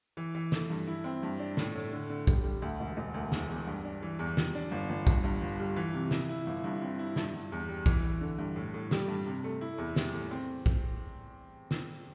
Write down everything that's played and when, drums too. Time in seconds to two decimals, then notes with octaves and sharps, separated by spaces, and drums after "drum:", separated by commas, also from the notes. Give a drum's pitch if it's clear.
0.17 E3
0.35 E3
0.52 A3, drum: snare
0.70 G2
0.87 E4
1.04 C4
1.23 G2
1.39 D4
1.57 A2, drum: snare
1.75 A2
1.93 D3
2.10 D3
2.27 G3, drum: kick A#1
2.44 G3
2.62 D2
2.80 E1
2.97 E1
3.14 D2
3.32 E2, drum: snare
3.49 E2
3.67 G2
3.85 D4
4.02 E3
4.19 E2
4.37 G3, drum: snare
4.55 D4
4.71 G1
4.89 G1
5.07 G2, drum: kick A#1
5.24 G2
5.41 G1
5.60 G3
5.76 E3
5.94 C3
6.11 E4, drum: snare
6.29 E4
6.46 G1
6.64 G2
6.81 C4
6.99 E4
7.16 G2, drum: snare
7.34 G2
7.52 E2
7.68 G3
7.86 E3, drum: kick A#1
8.04 E3
8.21 D3
8.38 G2
8.56 A2
8.74 A2
8.91 G3, drum: snare
9.08 G2
9.26 C3
9.44 A3
9.61 E4
9.78 E2
9.96 G3, drum: snare
10.13 A2
10.31 C4
10.66 drum: kick A#1
11.71 drum: snare